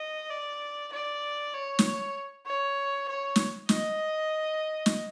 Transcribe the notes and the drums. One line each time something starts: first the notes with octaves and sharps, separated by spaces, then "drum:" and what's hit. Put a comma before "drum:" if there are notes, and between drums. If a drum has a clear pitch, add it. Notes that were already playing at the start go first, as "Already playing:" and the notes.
Already playing: D#5
D5
D5
C#5
drum: snare
C#5
C#5
drum: snare
D#5, drum: snare
drum: snare